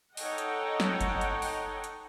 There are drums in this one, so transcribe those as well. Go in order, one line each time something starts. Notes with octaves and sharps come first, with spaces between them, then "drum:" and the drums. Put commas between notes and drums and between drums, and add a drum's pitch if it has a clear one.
D#4 A4 C#5 D#5 F#5 G5, drum: open hi-hat
drum: hi-hat
drum: snare
drum: kick G1, hi-hat
drum: hi-hat
drum: open hi-hat
drum: hi-hat